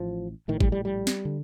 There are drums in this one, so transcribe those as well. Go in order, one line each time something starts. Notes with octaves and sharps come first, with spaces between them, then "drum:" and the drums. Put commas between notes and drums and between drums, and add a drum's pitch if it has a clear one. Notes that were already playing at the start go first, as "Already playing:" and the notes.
Already playing: A1 A2 F3
A#1 A2 D#3
G3, drum: kick G#1
G3
G3
drum: snare
D3